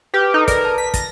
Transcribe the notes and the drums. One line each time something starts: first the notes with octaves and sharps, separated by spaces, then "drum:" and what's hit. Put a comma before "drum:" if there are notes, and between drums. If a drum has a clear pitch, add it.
G4 B4 D6 F6
D#4 A4
A#4 B4 D5 A#5, drum: kick, hi-hat
A5
B6
A6 A#6, drum: kick, hi-hat